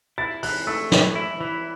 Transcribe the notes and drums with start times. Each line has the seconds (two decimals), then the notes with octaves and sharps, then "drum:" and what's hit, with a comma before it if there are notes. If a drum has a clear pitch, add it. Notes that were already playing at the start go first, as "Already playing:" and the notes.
0.18 E4 A6
0.43 E3 F#6, drum: open hi-hat
0.67 A3 E6
0.92 E3, drum: snare
1.15 E4
1.41 E3